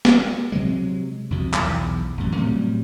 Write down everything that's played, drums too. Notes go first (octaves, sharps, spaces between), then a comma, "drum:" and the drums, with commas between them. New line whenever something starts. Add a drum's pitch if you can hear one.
drum: snare
C3 F#3 G#3
C2 F2 B2
B1 E2, drum: clap
A1 F#2
A2 C3 F#3 G3